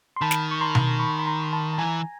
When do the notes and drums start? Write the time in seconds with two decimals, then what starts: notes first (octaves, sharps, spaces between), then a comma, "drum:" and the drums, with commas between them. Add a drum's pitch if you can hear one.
0.16 C6
0.21 D#3 A5 B5
0.31 drum: snare
0.51 C#6
0.61 A#5 C6
0.75 drum: tom B2
0.99 B5 C#6
1.19 B5
1.26 A#5 C6
1.43 C6
1.53 A5 B5
1.73 A5
1.78 E3 G#5 A#5